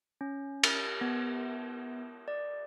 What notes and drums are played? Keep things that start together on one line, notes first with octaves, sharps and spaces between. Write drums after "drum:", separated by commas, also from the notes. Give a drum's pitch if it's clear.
C#4
drum: cymbal
B3
D5